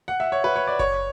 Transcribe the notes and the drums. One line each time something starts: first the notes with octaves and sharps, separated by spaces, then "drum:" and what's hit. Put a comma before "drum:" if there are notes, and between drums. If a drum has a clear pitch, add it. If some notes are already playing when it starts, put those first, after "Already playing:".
F#5
E5
C#5
B4
C#5
D5
C#5, drum: kick F#1